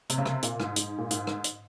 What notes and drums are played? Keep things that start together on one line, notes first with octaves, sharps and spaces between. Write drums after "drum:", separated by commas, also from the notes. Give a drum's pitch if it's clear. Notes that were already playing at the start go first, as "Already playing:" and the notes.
C3, drum: hi-hat
C#3
C3, drum: rim click
A#2, drum: hi-hat
G#2, drum: rim click
G#2, drum: hi-hat
A#2
G#2, drum: hi-hat
drum: rim click
drum: hi-hat